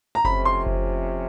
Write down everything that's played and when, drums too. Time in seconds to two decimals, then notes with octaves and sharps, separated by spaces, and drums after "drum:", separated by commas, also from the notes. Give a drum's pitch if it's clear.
0.15 A#5
0.24 F2 C3 F3 A3 C#4 B5, drum: kick F#1
0.45 C6
0.66 drum: kick F#1